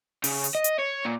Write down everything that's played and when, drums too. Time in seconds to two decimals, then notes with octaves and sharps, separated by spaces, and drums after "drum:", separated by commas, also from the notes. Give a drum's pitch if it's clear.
0.24 C#3, drum: open hi-hat
0.44 drum: hi-hat
0.55 D#5
0.64 drum: hi-hat
0.79 C#5
1.05 A#2